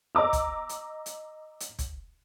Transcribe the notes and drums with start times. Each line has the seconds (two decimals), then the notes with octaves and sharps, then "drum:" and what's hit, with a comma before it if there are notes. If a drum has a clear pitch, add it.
0.15 D#5 A#5 D6 E6
0.33 drum: kick, hi-hat
0.69 drum: hi-hat
1.06 drum: hi-hat
1.60 drum: hi-hat
1.79 drum: kick, hi-hat